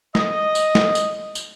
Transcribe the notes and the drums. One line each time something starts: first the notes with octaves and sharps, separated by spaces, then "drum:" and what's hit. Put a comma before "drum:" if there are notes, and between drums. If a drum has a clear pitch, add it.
D#5, drum: snare
drum: tambourine
drum: snare
drum: tambourine
drum: tambourine